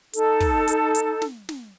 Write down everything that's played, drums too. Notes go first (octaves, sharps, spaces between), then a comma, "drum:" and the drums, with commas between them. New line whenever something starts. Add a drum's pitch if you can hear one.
D#4 A4, drum: hi-hat
drum: kick, open hi-hat
drum: hi-hat
drum: hi-hat
drum: snare
drum: snare